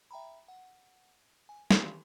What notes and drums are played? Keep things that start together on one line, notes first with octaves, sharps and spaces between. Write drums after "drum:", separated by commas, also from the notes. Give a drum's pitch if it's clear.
E5 G5 A#5 B5
F#5
G#5
D#3 E3 G4 B5 C6, drum: snare